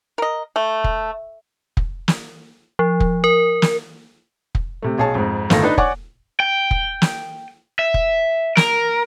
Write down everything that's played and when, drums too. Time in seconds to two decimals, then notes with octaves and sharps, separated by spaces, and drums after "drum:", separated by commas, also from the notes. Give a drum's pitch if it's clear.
0.18 A#4 D#5
0.56 A3
0.84 drum: kick
1.77 drum: kick
2.08 drum: snare
2.79 F3
3.00 drum: kick
3.24 A#4
3.62 drum: snare
4.55 drum: kick
4.82 C3 A3
4.99 B1 G#4 C#5 A5
5.15 F2 G#2
5.50 G1 A2 D#3 F4 A4 A#6, drum: snare
5.63 D4 D#4 B4
5.78 C#5 D5 F#5 G#5 C#6 D6, drum: kick
6.40 G5
6.71 drum: kick
7.02 drum: snare
7.79 E5
7.94 drum: kick
8.57 A#4, drum: snare